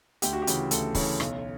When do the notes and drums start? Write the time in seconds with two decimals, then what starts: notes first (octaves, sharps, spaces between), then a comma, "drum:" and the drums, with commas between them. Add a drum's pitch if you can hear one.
0.22 D2 G4, drum: hi-hat
0.33 F#4
0.42 G4
0.47 C#3 E3, drum: hi-hat
0.71 D2 A4, drum: hi-hat
0.95 C#3 E3 C#5, drum: kick, open hi-hat
1.20 B1, drum: rim click